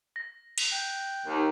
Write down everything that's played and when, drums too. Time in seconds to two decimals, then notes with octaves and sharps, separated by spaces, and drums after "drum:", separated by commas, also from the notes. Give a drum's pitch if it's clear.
0.16 A#6
0.58 drum: cymbal
0.72 G5 F#6
1.27 D#2